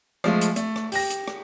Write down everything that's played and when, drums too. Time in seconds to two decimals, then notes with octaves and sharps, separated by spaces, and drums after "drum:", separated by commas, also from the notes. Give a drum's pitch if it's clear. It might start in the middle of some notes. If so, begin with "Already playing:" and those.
0.24 F3 G#3 A3, drum: rim click
0.41 drum: hi-hat
0.56 A3, drum: hi-hat
0.76 drum: rim click
0.92 G4 A#6, drum: open hi-hat
1.10 drum: hi-hat
1.28 drum: rim click